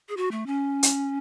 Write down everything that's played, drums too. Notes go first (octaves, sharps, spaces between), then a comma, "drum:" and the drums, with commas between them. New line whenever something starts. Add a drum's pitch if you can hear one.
G#4
F#4
A3
C#4
drum: hi-hat